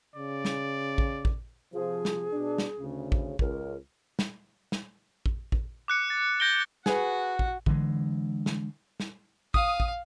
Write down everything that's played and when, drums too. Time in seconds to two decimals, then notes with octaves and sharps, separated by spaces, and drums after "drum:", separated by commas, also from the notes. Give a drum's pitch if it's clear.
0.16 C#3 D5
0.45 drum: snare
0.98 drum: kick A1
1.25 drum: kick A1
1.74 C3 F3 G#4
2.05 drum: snare
2.33 B2 D4
2.58 drum: snare
2.79 D2 C#3
3.12 drum: kick A1
3.39 C#2 A#4, drum: kick A1
4.19 drum: snare
4.72 drum: snare
5.26 drum: kick A1
5.52 drum: kick A1
5.88 D6 F#6 C#7
6.10 A6
6.40 G6 A#6 D7 G7
6.86 F#4 G#4 B4 F#5, drum: snare
7.39 drum: kick A1
7.66 D3 E3 G#3, drum: kick A1
8.46 drum: snare
9.00 drum: snare
9.54 F5 D#6, drum: kick A1
9.80 drum: kick A1